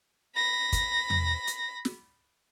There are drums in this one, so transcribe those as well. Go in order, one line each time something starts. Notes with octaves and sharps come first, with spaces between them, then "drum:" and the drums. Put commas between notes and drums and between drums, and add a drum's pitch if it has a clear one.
B5 A#6
drum: kick, hi-hat
drum: tom E2
drum: hi-hat
drum: snare